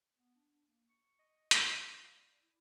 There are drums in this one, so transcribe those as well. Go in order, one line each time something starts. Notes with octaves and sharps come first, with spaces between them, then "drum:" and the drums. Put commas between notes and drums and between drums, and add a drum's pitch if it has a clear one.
B3
D4
A#3
C#6
D#5
C5, drum: hi-hat
D6
F5
D5
E4